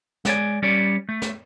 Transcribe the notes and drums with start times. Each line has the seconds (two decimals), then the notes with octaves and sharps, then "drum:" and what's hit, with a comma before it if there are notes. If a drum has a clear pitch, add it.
0.25 G#3 D5 G#5, drum: snare
0.63 G3 C#4 G4 C#5 D5
1.09 A3
1.22 drum: snare